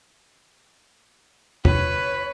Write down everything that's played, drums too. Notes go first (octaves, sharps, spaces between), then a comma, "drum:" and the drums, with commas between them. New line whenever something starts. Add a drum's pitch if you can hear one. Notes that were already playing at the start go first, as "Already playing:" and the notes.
B4 C#5, drum: tom E2